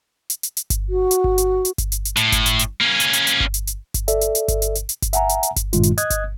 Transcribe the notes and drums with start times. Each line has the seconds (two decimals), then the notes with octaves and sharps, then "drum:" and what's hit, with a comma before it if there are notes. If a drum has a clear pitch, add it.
0.30 drum: hi-hat
0.43 drum: hi-hat
0.57 drum: hi-hat
0.70 drum: kick G1, hi-hat
0.89 F#4
1.11 drum: hi-hat
1.24 drum: kick G1
1.38 drum: hi-hat
1.65 drum: hi-hat
1.78 drum: kick G1, hi-hat
1.92 drum: hi-hat
2.05 drum: hi-hat
2.17 A2, drum: hi-hat
2.32 drum: kick G1, hi-hat
2.46 drum: hi-hat
2.59 drum: hi-hat
2.81 A#3 C#4
3.00 drum: hi-hat
3.13 drum: hi-hat
3.27 drum: hi-hat
3.40 drum: kick G1
3.54 drum: hi-hat
3.67 drum: hi-hat
3.94 drum: kick G1, hi-hat
4.08 A4 D5 E5, drum: hi-hat
4.21 drum: hi-hat
4.35 drum: hi-hat
4.48 drum: kick G1, hi-hat
4.62 drum: hi-hat
4.75 drum: hi-hat
4.89 drum: hi-hat
5.02 drum: kick G1, hi-hat
5.13 E5 F#5 G#5 A#5, drum: hi-hat
5.29 drum: hi-hat
5.43 drum: hi-hat
5.56 drum: kick G1, hi-hat
5.73 G2 A#2 D#3 G#3 F4, drum: hi-hat
5.83 drum: hi-hat
5.98 D#5 D#6 F#6 G#6, drum: hi-hat
6.10 drum: kick G1, hi-hat